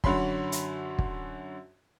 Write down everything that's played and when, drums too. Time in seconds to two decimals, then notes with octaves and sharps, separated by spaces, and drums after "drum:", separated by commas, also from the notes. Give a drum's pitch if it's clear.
0.04 F#2 D3 F#4 C#5 B5 C6, drum: kick
0.52 drum: hi-hat
0.99 drum: kick